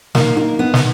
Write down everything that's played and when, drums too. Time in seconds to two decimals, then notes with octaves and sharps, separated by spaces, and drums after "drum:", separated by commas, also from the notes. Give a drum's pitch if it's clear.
0.15 D#3 A#3, drum: snare
0.36 A#3 D#4
0.58 B3 D#4
0.74 drum: snare